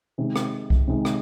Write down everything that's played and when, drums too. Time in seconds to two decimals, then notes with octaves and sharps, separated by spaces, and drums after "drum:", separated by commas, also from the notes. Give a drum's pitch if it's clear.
0.18 C3 D#3 G#3
0.36 drum: rim click
0.70 drum: kick C2
0.88 C3 D#3 G#3
1.05 drum: rim click